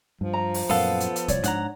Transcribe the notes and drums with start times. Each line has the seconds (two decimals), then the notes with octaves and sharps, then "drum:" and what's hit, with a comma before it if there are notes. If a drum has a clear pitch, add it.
0.21 G2 F3
0.33 A#5
0.54 drum: open hi-hat
0.70 F#2 A#2 A#3 B3 A4 F5 F#5, drum: open hi-hat
1.00 drum: hi-hat
1.16 drum: hi-hat
1.28 C2 C#5 D5, drum: kick C#1, hi-hat
1.44 G#2 D4 F#5 A#5, drum: hi-hat